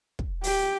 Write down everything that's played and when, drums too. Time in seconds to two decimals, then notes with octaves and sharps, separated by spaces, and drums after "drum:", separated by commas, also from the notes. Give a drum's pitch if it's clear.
0.19 drum: kick
0.44 G4, drum: open hi-hat